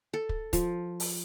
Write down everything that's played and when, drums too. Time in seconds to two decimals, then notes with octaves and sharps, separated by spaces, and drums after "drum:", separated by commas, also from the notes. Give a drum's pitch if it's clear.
0.14 A4
0.29 drum: kick
0.53 F3, drum: kick, hi-hat
1.00 drum: open hi-hat